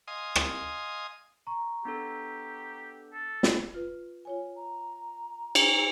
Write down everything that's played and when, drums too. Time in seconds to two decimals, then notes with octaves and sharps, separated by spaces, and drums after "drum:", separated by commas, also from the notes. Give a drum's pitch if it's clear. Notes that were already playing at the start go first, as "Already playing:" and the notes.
0.08 D#5 F5 G#5 C6 D#6
0.36 drum: rim click
1.47 A#5 C#6
1.85 B3 D4 G4 A4
3.13 A4
3.43 drum: snare
3.74 F4 B4
4.25 F4 C#5 G#5
4.56 A#5
5.55 drum: cymbal